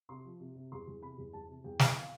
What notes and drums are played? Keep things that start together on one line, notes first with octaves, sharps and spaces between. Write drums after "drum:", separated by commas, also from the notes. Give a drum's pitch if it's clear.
C3 C6
F3
C3
C3
E2 C6
E2
C3 B5
E2
E2 A5
C3
E2 G5
E2, drum: snare
F5